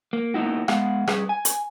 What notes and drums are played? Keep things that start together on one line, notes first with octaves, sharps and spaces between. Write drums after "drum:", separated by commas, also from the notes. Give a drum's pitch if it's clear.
A#3
A#3 B3 D#4 E4 F#4
G#3 B3 F5 F#5, drum: rim click
G3 G#4 B4, drum: rim click
G#5
drum: hi-hat